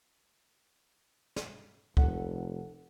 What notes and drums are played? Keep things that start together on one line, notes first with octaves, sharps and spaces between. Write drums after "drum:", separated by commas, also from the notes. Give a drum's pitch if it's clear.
drum: snare
F1 A4 F#5, drum: kick